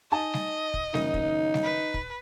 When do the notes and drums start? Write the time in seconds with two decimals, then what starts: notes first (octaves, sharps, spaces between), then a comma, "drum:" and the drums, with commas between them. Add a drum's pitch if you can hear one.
0.12 D#4 D#5 G#5 A5
0.34 drum: snare G3
0.74 drum: kick
0.94 F#1 D#3 D#4, drum: snare G3
1.14 drum: kick
1.54 drum: snare G3
1.63 B4
1.94 drum: kick